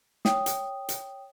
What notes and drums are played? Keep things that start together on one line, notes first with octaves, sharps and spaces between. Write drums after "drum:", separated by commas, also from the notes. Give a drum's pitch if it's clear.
C#5 G5 D#6, drum: snare
drum: hi-hat
drum: hi-hat